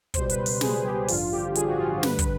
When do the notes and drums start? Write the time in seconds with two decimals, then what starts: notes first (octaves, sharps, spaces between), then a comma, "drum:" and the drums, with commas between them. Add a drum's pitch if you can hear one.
0.14 C#2 B2 G3 C5, drum: kick, hi-hat
0.30 B4, drum: hi-hat
0.46 drum: open hi-hat
0.61 C#2 B2 G3 G#4, drum: snare
0.74 G#4
0.85 G4
1.08 A1 G2 D3 F3 F4, drum: open hi-hat
1.32 G4
1.55 A1 G2 D3 F3 G#4, drum: hi-hat
1.67 F#4
1.79 F4
1.92 F4
1.97 C5
2.03 G2 D3 G3 B4, drum: snare
2.19 drum: kick, hi-hat